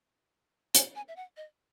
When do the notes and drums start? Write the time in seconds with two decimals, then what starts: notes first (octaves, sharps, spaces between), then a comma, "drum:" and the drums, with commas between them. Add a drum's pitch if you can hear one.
0.75 G#5, drum: hi-hat
0.95 G#5
1.08 E5
1.16 F#5
1.37 D#5